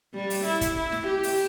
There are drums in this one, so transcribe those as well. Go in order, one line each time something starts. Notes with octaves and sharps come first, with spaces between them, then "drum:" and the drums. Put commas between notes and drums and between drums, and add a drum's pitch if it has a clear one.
G3
drum: open hi-hat
E4
drum: kick, hi-hat
E4
drum: snare
G4
drum: open hi-hat